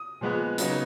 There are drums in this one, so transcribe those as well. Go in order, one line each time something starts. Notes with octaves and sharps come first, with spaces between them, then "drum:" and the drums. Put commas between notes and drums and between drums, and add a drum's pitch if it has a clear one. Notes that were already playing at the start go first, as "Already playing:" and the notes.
Already playing: D#6
A#2 F3 G#3 B3
C#3 F#3 B3 D#4, drum: hi-hat